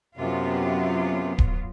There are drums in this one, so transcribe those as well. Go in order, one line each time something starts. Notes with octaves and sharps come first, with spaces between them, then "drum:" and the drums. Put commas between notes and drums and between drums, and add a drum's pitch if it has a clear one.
F#2 C3 F#3 B3 F4
drum: kick D1